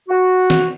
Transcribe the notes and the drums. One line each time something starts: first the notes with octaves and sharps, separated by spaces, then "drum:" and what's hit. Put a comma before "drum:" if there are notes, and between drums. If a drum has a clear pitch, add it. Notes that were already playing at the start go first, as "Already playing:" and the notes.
F#4
drum: snare